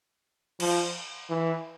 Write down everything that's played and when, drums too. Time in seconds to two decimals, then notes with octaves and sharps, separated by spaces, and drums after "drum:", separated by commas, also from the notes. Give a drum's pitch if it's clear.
0.60 F3, drum: cymbal
1.30 E3